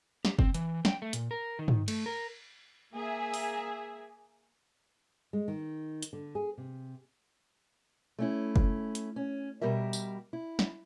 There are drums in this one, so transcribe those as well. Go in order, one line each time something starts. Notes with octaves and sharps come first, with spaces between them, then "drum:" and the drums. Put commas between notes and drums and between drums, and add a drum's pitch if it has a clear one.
G4, drum: snare
C4, drum: kick F#1
E3, drum: hi-hat
G5, drum: snare
A3
A#2, drum: hi-hat
A#4
D#3
drum: tom
A3, drum: cymbal
A#4
A#3 G#4 E5
drum: open hi-hat
G#3
D#3
drum: hi-hat
D3
G#4
C3
A3 C#4 E4
drum: kick F#1
drum: hi-hat
C#4
B2 G3 G4 A#4 E5
drum: tambourine
E4
drum: snare